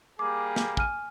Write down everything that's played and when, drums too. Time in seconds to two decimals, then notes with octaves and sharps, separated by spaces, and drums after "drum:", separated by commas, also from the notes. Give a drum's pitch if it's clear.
0.19 G3 A#3 G#4 D6
0.56 drum: snare
0.77 G#5 F6 D#7, drum: kick